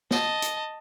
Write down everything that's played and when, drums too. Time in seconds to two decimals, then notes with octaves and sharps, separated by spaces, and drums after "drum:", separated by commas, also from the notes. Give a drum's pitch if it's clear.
0.11 D#5 A5, drum: snare
0.42 drum: hi-hat